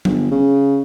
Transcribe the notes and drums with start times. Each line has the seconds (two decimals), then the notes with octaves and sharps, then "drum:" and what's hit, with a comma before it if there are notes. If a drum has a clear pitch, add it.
0.05 G1, drum: tom F#3
0.31 C#3